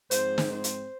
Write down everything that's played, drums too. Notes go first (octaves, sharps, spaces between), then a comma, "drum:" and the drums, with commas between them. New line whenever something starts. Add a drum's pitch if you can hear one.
G#2 F3 G#3 C4 C5, drum: hi-hat
drum: snare
C5
drum: hi-hat